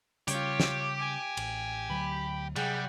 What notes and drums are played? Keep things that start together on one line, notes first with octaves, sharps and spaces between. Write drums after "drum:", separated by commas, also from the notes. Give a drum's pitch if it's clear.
C#3 G3 C#4 F4 G4 C#5 D6, drum: hi-hat
drum: snare
G#5
A1, drum: cymbal
D2 F#3 B5
C3 F#3 G3 G#4 F#5 G5, drum: cymbal